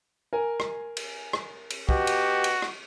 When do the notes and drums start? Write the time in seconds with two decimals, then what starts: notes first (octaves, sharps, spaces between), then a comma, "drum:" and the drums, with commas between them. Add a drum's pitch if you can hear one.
0.33 A#4 G#5
0.60 drum: rim click
0.97 drum: cymbal
1.33 drum: rim click
1.70 drum: cymbal
1.89 B2 F#4 G4, drum: kick
2.07 drum: cymbal
2.44 drum: cymbal
2.62 drum: rim click